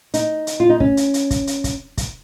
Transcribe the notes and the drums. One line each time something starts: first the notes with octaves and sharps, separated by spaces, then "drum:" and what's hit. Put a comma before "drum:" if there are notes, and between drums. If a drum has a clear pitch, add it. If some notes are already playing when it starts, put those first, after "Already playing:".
D#4, drum: hi-hat
drum: hi-hat
F4
D#4
C#4, drum: kick
drum: hi-hat
drum: hi-hat
drum: kick, hi-hat
drum: hi-hat
drum: kick, hi-hat
drum: kick, hi-hat